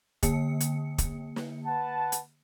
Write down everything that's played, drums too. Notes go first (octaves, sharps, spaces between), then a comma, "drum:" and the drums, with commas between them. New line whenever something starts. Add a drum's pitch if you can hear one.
D3 A#3 C#7, drum: kick, hi-hat
drum: hi-hat
drum: kick, hi-hat
drum: snare
B4 F#5 A5
drum: hi-hat